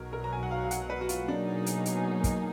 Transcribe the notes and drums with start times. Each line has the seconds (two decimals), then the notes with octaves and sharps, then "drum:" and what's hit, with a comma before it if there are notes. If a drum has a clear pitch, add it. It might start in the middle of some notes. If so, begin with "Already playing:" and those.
Already playing: B1 B2 F#3 A#4
0.13 A#4
0.24 A#5
0.33 G#5
0.43 F#5
0.51 F5
0.64 F5
0.71 F#5, drum: hi-hat
0.90 B4
1.01 F#4
1.09 F4, drum: hi-hat
1.28 B2 F#3 A#3 D4 D#4 G#4
1.66 drum: hi-hat
1.86 drum: hi-hat
2.24 drum: kick, hi-hat